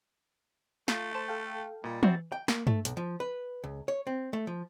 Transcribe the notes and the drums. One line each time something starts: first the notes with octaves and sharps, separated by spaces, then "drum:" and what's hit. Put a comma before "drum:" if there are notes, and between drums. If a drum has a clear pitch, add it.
A3 F4, drum: snare
C5 A5
A4 F5 G5
A#2 G3 F4 D#5
C4 F#4 E5 A6, drum: tom
G5
A#3, drum: snare
A3, drum: tom G2
B1, drum: hi-hat
F3
B4
C#2
C#5
C4
A3
F3